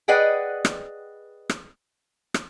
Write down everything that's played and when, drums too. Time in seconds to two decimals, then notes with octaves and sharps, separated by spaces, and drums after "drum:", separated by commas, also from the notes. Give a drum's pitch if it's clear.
0.08 G#4 B4 D5 D#5 F#5 G5
0.65 drum: rim click
1.49 drum: rim click
2.34 drum: rim click